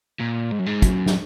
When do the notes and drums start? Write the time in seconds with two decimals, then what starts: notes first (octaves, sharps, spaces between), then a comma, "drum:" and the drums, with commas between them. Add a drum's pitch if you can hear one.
0.20 A#2
0.52 G#2
0.59 F#2
0.66 G#2
0.82 F#2, drum: kick, hi-hat
1.06 drum: snare